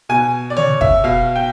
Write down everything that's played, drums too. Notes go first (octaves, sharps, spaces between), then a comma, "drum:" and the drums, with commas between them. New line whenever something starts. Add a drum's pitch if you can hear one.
B2 G#5
D5
C#5, drum: tom
E5, drum: kick
B2 F5
G5